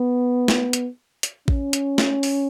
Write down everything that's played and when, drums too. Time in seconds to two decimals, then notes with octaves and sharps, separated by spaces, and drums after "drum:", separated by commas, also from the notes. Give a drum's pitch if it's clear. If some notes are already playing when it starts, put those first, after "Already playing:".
Already playing: B3
0.48 drum: snare
0.73 drum: hi-hat
1.23 drum: hi-hat
1.48 C#4, drum: kick A1
1.73 drum: hi-hat
1.98 drum: snare
2.23 drum: open hi-hat